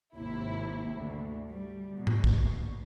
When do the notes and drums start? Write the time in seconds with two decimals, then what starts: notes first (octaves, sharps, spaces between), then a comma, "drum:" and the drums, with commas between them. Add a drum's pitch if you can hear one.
0.16 G#1 D#2 C3 E4
0.96 D2
1.50 G3
1.93 D2 B2
2.07 drum: tom G#2
2.24 drum: kick